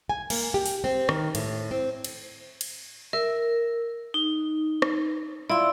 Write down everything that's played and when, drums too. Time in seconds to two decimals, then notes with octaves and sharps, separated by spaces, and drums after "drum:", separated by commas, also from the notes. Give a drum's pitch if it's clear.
0.09 G#5
0.30 A#3, drum: cymbal
0.54 G4
0.66 drum: open hi-hat
0.84 C4
1.09 D#3, drum: rim click
1.35 A2, drum: cymbal
1.71 C4
2.04 drum: cymbal
2.61 drum: cymbal
3.13 A#4 E5
4.14 D#4
4.82 drum: rim click
5.50 E4 F4 D5 E6